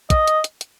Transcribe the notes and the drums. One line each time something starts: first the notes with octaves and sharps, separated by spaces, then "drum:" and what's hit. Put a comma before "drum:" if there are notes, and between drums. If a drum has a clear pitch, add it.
D#5, drum: kick, hi-hat
drum: hi-hat
drum: hi-hat
drum: hi-hat